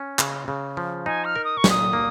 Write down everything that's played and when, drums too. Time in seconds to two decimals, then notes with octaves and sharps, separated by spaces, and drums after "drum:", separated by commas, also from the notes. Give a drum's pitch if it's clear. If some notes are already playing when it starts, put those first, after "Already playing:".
Already playing: C#4
0.19 C#3, drum: clap
0.48 C#3
0.77 F3
1.06 D#4 G#5
1.25 F6
1.36 A#4
1.45 D#6
1.57 C#6
1.64 A#2, drum: snare
1.70 D#6
1.93 A#3